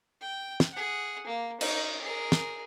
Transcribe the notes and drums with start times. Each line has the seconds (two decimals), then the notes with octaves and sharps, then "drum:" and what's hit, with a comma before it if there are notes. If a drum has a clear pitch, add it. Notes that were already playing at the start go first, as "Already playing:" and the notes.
0.22 G5
0.60 drum: snare
0.73 G#4 F#5
1.27 A#3
1.61 D#4, drum: cymbal
2.02 G#4 A#4
2.32 drum: snare